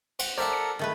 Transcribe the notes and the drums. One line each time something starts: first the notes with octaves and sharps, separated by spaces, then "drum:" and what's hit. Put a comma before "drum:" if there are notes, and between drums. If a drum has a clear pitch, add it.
C5 F#5, drum: cymbal
A4 A#4 C5 D5 E5 F#5
C#7
D#3 A3 B4